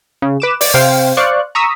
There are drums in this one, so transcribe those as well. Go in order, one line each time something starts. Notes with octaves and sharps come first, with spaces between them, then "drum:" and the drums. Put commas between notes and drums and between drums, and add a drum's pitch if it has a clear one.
C#3
B4 D6 E7
D5, drum: open hi-hat
C3 C5 F5 G5
C5 D5 F5 C#6 F#6
A#5 C#6 D#6 E6 B6